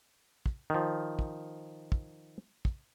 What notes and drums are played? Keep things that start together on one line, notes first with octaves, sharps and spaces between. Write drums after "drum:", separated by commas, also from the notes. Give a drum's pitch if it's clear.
drum: kick
D#3 F3
drum: kick
drum: kick
drum: kick